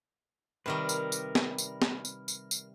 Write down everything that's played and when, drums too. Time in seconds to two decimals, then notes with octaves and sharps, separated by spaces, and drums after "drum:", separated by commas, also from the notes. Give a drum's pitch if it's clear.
0.66 C3 D#3 G3 A#4 B4
0.89 drum: tambourine
1.12 drum: tambourine
1.35 drum: snare
1.58 drum: tambourine
1.82 drum: snare
2.05 drum: tambourine
2.28 drum: tambourine
2.51 drum: tambourine